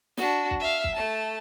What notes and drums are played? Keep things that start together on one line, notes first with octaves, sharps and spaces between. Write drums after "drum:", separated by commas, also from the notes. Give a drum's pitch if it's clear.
D4 F#4, drum: snare
drum: kick
E5 F5
drum: kick
A3 A5